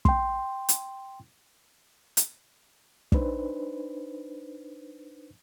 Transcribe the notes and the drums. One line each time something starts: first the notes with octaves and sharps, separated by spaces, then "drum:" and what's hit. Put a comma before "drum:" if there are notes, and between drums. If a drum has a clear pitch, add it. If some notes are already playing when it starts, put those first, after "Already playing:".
G5 C6, drum: kick
drum: hi-hat
drum: hi-hat
D4 D#4 B4 C5, drum: kick